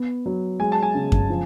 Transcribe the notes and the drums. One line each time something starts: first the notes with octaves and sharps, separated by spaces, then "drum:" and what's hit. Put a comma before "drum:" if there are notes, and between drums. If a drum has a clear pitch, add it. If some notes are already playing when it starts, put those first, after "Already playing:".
Already playing: B3
F#3
G#3 G#5
A5
G#5
C#3
drum: kick F#2
F3